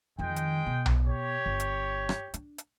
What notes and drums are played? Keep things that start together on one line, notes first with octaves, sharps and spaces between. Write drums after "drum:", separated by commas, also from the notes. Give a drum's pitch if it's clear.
F2 D#3 G#3 G5
drum: hi-hat
B2
drum: tom B1
G4 C#5
G1
drum: hi-hat
drum: rim click
D4, drum: hi-hat
drum: hi-hat